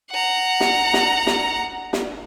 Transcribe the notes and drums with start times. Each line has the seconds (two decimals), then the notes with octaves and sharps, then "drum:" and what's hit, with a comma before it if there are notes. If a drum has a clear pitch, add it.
0.11 F#5 A#5
0.60 drum: snare
0.94 drum: snare
1.27 drum: snare
1.93 drum: snare